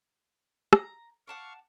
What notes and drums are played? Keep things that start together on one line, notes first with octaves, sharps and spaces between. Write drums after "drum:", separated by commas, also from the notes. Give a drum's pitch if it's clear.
A#5, drum: rim click
F5 F#5 A5 C#6 D6